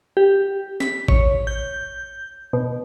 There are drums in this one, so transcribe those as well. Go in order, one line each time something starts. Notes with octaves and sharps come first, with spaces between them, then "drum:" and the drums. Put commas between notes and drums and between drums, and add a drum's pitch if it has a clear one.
G4
B6, drum: snare
C#5, drum: kick A1
G6
B2